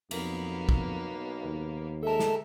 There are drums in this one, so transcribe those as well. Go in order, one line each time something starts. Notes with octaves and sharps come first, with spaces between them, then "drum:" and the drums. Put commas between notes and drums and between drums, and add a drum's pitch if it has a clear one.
B1 F2 A#3 B3, drum: cymbal
drum: kick
D#2
G#3 A4 A#4 E5 A5
drum: snare